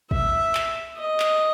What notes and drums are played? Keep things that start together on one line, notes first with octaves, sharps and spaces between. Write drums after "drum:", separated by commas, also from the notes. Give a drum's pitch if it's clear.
E5, drum: kick
drum: clap
D#5
drum: clap